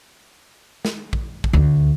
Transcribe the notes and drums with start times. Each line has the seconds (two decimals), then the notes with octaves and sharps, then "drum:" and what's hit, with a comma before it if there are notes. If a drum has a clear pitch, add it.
0.85 drum: snare
1.13 drum: kick
1.44 drum: kick
1.53 D2